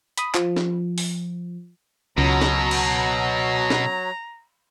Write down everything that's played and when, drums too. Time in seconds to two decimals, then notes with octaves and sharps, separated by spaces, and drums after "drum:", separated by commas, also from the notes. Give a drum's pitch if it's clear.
0.18 B5 D#6, drum: hi-hat
0.35 F3, drum: clap
0.57 drum: snare
0.98 drum: open hi-hat
2.18 C#2 B2 F#3 A#5
2.41 drum: snare
2.71 drum: cymbal
3.70 drum: snare